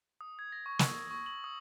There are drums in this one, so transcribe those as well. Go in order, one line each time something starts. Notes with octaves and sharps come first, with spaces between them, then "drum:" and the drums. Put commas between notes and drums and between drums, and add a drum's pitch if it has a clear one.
D#6
G#6
A#6
C#6
E6, drum: snare
G#6
C#6
F#7
D#6